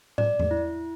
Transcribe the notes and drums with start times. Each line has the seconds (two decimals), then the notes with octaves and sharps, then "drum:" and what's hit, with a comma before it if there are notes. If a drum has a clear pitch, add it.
0.18 D5, drum: tom
0.39 drum: tom E2
0.51 E4